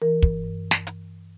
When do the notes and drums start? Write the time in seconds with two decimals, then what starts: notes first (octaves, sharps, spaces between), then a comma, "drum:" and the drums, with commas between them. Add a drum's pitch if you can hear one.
0.02 E3 A#4
0.22 G2, drum: kick
0.44 G2
0.71 drum: snare
0.87 drum: hi-hat